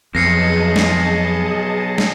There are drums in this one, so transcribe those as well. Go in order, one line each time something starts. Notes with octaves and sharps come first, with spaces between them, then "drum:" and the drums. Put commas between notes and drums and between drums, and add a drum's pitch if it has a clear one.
B1 F2 G#4 D#5 A5 A#6 C7 C#7
drum: snare
drum: snare